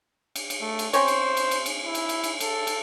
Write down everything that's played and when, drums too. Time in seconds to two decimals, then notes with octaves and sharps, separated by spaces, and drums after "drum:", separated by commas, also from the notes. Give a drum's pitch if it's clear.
0.36 drum: cymbal
0.50 drum: cymbal
0.61 A3
0.79 drum: cymbal
0.93 C4 C#4 C5 C#5, drum: cymbal
1.08 drum: cymbal
1.37 drum: cymbal
1.51 drum: cymbal
1.66 drum: cymbal
1.84 E4
1.95 drum: cymbal
2.09 drum: cymbal
2.24 drum: cymbal
2.40 A4, drum: cymbal
2.67 drum: cymbal